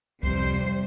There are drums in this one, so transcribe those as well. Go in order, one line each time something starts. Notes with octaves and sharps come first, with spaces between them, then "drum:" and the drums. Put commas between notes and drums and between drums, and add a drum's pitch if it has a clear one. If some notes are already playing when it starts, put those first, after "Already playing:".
F2 C3 G3 C5, drum: kick C#2
drum: tambourine
drum: tambourine